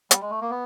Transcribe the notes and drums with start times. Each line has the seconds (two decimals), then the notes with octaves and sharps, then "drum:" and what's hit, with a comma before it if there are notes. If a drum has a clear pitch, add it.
0.11 G3, drum: hi-hat
0.21 G#3
0.30 A3
0.41 A#3
0.50 B3